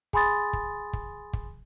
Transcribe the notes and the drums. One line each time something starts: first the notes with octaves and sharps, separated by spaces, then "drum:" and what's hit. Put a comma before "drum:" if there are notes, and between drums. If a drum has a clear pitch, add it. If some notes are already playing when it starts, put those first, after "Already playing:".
G#4 G#5 B5 C6 D#6 A6, drum: kick
drum: kick
drum: kick
drum: kick